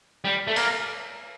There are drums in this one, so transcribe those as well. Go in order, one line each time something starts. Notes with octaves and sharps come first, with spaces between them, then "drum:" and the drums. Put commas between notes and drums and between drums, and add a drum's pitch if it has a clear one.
G3
A3
A#3, drum: cymbal